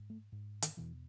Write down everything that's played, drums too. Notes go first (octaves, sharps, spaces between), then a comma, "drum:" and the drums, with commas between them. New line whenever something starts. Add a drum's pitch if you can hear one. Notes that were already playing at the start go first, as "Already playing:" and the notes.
Already playing: G#2
A3
G#2
D#3, drum: hi-hat
E2 B2 E3